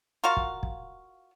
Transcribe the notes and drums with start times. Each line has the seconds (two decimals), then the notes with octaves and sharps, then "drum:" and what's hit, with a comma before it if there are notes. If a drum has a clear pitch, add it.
0.24 F4 F#4 A#4 F5
0.37 drum: kick
0.63 drum: kick